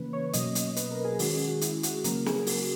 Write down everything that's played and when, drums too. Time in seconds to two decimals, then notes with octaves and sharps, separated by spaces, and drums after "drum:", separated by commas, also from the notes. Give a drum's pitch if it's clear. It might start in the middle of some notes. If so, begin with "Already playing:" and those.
Already playing: C#3 E3 A#3 C#4 B4
0.13 C#5
0.33 B2 F#3 A#3 C#4 D#5, drum: hi-hat
0.55 drum: hi-hat
0.76 B4, drum: hi-hat
0.91 A#4
1.05 G#4
1.19 D#3 G#3 C#4 F#4, drum: open hi-hat
1.34 G#4
1.48 F#4
1.61 E4, drum: hi-hat
1.83 F#4, drum: hi-hat
2.04 C#3 F#3 A#3 C#4 A#4, drum: hi-hat
2.26 G#4, drum: snare
2.47 F#4, drum: open hi-hat